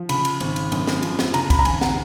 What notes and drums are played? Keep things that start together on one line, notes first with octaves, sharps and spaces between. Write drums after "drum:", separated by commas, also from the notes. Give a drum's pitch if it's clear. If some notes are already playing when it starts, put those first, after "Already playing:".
Already playing: F3
C#3 B5, drum: cymbal
drum: cymbal
G#1, drum: cymbal
drum: cymbal
F#2, drum: cymbal
drum: snare
F3, drum: cymbal
drum: snare
C#3 A#5, drum: cymbal
B5, drum: kick, cymbal
A#5
G#1 G#5, drum: cymbal
F#5, drum: snare